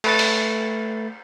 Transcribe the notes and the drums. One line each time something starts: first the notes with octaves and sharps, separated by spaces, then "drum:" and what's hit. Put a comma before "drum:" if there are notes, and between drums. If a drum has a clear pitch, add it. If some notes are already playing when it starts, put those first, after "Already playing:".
A3 B4 A6, drum: cymbal
drum: open hi-hat